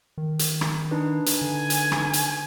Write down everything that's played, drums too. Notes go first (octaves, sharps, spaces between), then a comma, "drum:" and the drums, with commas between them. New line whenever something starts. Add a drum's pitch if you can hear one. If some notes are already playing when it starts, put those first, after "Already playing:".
D#3
drum: hi-hat
drum: rim click
D4 D#4 B4
drum: hi-hat
D3 G#5
drum: hi-hat
drum: rim click
drum: hi-hat